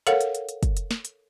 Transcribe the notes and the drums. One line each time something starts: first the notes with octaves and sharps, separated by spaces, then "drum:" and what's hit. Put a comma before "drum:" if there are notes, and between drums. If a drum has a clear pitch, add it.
A4 A#4 C#5 F5 F#5, drum: hi-hat
drum: hi-hat
drum: hi-hat
drum: hi-hat
drum: kick, hi-hat
drum: hi-hat
drum: snare
drum: hi-hat